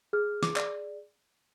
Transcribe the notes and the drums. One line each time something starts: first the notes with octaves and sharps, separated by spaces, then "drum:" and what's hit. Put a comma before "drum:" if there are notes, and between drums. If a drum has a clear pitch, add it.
G#4 F6
D6, drum: snare
D5, drum: clap